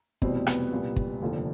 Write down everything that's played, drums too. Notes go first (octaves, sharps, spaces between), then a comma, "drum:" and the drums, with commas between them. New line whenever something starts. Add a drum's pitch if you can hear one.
F1 E2 B2 G3 C4, drum: kick
B3, drum: rim click
C2 A#2 G3
drum: kick
F1 D#2 D3 F3